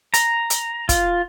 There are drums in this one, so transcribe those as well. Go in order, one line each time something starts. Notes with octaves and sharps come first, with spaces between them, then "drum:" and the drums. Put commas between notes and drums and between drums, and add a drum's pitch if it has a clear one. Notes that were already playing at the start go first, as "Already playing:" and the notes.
A#5, drum: hi-hat
drum: hi-hat
F4, drum: kick, hi-hat